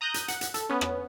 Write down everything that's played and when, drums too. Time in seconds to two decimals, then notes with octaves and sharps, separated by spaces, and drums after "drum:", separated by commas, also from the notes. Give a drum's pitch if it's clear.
0.01 A#5 D#6 F#6 G6 A#6
0.14 drum: hi-hat
0.28 F#5, drum: hi-hat
0.41 drum: hi-hat
0.54 A4, drum: hi-hat
0.69 B3 C#4
0.81 drum: rim click